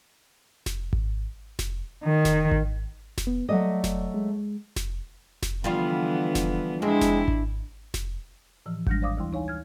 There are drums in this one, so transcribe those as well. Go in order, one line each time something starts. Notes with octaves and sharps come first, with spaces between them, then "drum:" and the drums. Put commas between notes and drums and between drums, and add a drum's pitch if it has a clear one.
drum: snare F1
drum: kick G#1
drum: snare F1
D#3
drum: snare F1
drum: kick G#1
drum: snare F1
B3
F#3 A3 D5 D#5
drum: snare F1
G#3
drum: snare F1
drum: snare F1
D3 E3 F3 G3 B3 F4
drum: snare F1
F2 G#3 C4 D4 E4
drum: snare F1
drum: kick G#1
drum: snare F1
A2 E3 F3
F2 G3 G#3 D4 F6 A#6, drum: kick G#1
C5 D5 F5 D6 D#6
D2 E3 G3 E4 G5 C6
D#4 C#5 F5 G#5
F6 G#6